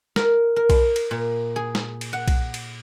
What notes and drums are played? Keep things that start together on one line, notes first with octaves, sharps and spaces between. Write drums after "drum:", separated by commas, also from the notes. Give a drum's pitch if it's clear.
A#4, drum: snare
A#4
drum: kick B1, cymbal
drum: cymbal
A#2
G#4
drum: snare
drum: cymbal
F#5
drum: kick B1, cymbal
drum: cymbal